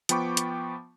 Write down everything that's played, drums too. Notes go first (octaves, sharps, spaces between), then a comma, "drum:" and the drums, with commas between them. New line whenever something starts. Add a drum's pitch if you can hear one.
F3 B3 G5 B5 C#6 D6, drum: hi-hat
drum: hi-hat